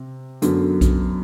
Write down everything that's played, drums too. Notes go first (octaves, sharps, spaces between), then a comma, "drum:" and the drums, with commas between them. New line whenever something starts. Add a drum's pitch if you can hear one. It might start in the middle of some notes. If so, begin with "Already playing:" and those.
Already playing: C3
F#2 D3 F#3 B3, drum: hi-hat
drum: kick B1, hi-hat